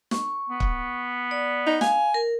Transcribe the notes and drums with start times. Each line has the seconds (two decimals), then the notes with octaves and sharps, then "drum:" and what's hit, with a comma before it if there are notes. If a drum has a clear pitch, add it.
0.11 C#6, drum: snare
0.49 B3
0.60 drum: kick
1.31 D5
1.66 D#4
1.81 F5 G#5, drum: snare
2.14 A#4